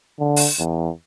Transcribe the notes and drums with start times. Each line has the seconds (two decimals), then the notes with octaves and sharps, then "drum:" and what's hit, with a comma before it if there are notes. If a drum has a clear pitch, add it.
0.20 D3
0.36 drum: open hi-hat
0.59 E2